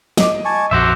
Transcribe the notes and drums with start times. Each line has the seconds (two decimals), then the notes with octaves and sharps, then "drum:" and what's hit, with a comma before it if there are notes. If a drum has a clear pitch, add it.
0.17 D#5 D6, drum: snare
0.45 G#5 A5 C#6
0.71 A#1 F2 F#4 C5 E5 D6